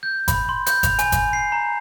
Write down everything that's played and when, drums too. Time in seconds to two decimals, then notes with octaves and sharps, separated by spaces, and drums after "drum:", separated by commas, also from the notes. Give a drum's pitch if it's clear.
0.03 G6
0.28 B5, drum: kick G1, hi-hat
0.49 C6
0.67 G6, drum: hi-hat
0.83 F7, drum: kick G1, hi-hat
0.99 G#5, drum: hi-hat
1.12 drum: kick G1, hi-hat
1.33 C7
1.52 A#5